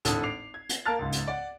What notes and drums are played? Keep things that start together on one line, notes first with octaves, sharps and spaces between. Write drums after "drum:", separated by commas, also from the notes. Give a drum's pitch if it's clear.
G#1 A2 D4 A4 D#6, drum: hi-hat
D6 C7 F7
G#6
drum: hi-hat
A#3 A#4 A5 F6 A6
C#2 G#2
drum: hi-hat
D5 F#5